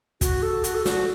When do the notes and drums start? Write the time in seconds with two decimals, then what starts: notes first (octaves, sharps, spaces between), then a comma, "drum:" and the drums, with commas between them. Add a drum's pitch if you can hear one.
0.21 F#4, drum: kick, hi-hat
0.42 A4
0.64 F#4, drum: hi-hat
0.75 A4
0.86 F#4, drum: snare